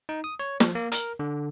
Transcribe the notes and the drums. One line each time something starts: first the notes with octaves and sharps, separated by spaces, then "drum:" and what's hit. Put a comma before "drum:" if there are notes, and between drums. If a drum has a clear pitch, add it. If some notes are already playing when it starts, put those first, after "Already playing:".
D#4
D#6
C#5
F3, drum: snare
A#3
A#4, drum: hi-hat
D3